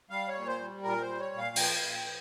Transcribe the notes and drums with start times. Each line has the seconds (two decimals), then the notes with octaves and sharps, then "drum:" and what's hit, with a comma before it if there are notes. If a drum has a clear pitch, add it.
0.10 G3 F5
0.28 C#5
0.35 A#2
0.47 C5
0.60 G3
0.83 A#2 A#4
1.02 C5
1.07 G3
1.20 C#5
1.32 A#2
1.38 F5
1.56 F3 G5, drum: open hi-hat
1.75 F5
1.81 A#2
1.93 G5
2.05 F3